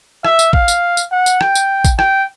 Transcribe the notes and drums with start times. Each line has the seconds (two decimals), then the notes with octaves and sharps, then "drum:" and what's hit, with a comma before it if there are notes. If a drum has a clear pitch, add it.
0.25 E5, drum: rim click
0.39 drum: tambourine
0.53 F5, drum: kick A1
0.68 drum: tambourine
0.97 drum: tambourine
1.11 F#5
1.26 drum: tambourine
1.41 G5, drum: rim click
1.55 drum: tambourine
1.85 drum: kick A1, tambourine
1.99 G5, drum: rim click